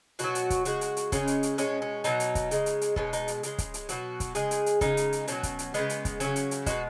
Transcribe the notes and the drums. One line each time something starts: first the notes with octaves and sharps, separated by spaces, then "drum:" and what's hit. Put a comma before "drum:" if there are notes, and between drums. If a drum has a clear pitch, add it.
B2 F#3 F#4, drum: hi-hat
drum: hi-hat
drum: kick, hi-hat
C#3 G#3 F#4, drum: hi-hat
drum: hi-hat
drum: hi-hat
C#3 G#3 C#4, drum: kick, hi-hat
drum: hi-hat
drum: hi-hat
B2 G#3 C#4, drum: hi-hat
C#4
B2 F#3 D#4, drum: hi-hat
drum: hi-hat
drum: kick, hi-hat
C#3 G#3, drum: hi-hat
drum: hi-hat
drum: hi-hat
B2 G#3 C#4, drum: kick
D#4, drum: hi-hat
drum: hi-hat
C#3 G#3, drum: hi-hat
drum: kick, hi-hat
drum: hi-hat
B2 F#3 F#4, drum: hi-hat
drum: kick, hi-hat
C#3 G#3 G#4, drum: hi-hat
drum: hi-hat
drum: hi-hat
C#3 G#3 D#4, drum: kick, hi-hat
drum: hi-hat
drum: hi-hat
B2 F#3 C#4, drum: hi-hat
drum: kick, hi-hat
drum: hi-hat
C#3 G#3 B3, drum: hi-hat
drum: hi-hat
drum: kick, hi-hat
C#3 F#3 C#4, drum: hi-hat
drum: hi-hat
drum: hi-hat
B2 G#3 F#4, drum: kick, hi-hat